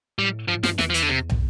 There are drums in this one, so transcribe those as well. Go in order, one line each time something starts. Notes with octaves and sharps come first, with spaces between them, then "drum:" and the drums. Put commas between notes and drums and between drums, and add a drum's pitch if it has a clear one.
A2 G3
G2 F3
A2
G2 F3, drum: snare
E2 E3, drum: snare
F3
E3, drum: hi-hat
D3
C3
drum: tom